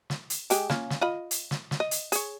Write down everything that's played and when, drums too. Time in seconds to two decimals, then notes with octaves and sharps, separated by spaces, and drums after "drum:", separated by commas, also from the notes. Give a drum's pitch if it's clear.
0.10 drum: snare
0.30 drum: hi-hat
0.50 G#3 G4 G#4, drum: hi-hat
0.70 A#3 C#4 F4, drum: snare
0.90 drum: snare
1.01 F4 D#5 B5
1.31 drum: hi-hat
1.51 drum: snare
1.71 drum: snare
1.80 D#5
1.91 drum: hi-hat
2.12 G#4 C#5, drum: hi-hat